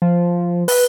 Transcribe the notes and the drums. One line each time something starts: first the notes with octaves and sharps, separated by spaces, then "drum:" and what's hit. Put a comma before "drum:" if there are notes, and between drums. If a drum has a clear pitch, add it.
F3
B4, drum: open hi-hat